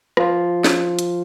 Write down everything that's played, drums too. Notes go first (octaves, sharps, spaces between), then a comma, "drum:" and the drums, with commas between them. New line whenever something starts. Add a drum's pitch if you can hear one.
F3 F4, drum: rim click
drum: snare
drum: hi-hat